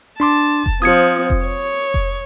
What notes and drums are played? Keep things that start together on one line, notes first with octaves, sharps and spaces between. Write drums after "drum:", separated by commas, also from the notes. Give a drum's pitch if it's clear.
D4 A5 C6 D6
drum: kick F1
F3 C4 D#6 G#6 C#7
drum: kick F1
C#5
drum: kick F1